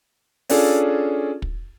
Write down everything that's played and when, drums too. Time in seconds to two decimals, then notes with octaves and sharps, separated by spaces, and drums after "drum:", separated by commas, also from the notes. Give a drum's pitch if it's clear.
0.49 C#4 D4 F4 G#4 A4, drum: open hi-hat
1.42 drum: kick